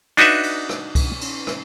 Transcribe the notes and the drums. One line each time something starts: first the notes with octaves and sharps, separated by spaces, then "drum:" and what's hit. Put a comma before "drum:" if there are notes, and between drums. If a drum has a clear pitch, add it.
D4 D#4 F#4 B4 E5, drum: cymbal
drum: cymbal
drum: rim click
drum: kick C2, cymbal
drum: cymbal
drum: rim click